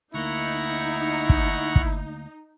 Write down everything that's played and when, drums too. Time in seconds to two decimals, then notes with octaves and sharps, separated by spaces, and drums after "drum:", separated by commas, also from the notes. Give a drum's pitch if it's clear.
0.14 D2 A#3 D#4 E4 F#5 A#5 C#6
1.29 drum: kick
1.76 drum: kick